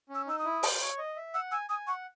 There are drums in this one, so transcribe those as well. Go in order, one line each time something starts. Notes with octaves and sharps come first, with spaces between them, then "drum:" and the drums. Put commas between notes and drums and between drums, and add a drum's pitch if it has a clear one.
C#4
E6
D#4 E6
D#6
E4
C5, drum: open hi-hat
C#5
D#5
E5
F#5 E6
G#5 E6
G#5 D#6
F#5 C#6